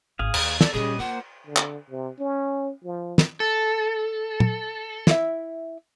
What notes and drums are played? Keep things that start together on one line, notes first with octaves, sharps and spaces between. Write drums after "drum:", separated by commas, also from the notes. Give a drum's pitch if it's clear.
G#1 G#4 F5
D#2, drum: cymbal
A4 D5, drum: snare
A#2 F#3 G3 C#4 G#4 D#5
A#3 F4 C5 F#5
D3
drum: clap
C3
C#4
F3
drum: snare
A4
drum: tom A#2
E4 E5, drum: snare